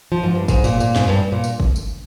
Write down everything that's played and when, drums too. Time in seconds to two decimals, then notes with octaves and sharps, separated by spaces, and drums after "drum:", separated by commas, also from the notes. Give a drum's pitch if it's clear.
0.12 F3
0.23 G#2
0.35 G2
0.48 G#2, drum: kick, tambourine
0.64 A#2, drum: tambourine
0.80 A#2, drum: tambourine
0.96 G#2, drum: snare
1.08 G2
1.32 A#2
1.44 drum: tambourine
1.60 drum: kick
1.76 drum: tambourine